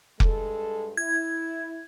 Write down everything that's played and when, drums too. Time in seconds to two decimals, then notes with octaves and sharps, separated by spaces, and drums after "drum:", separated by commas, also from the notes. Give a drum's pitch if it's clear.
0.20 G2 G#3 A4, drum: kick F1
0.97 E4 G#6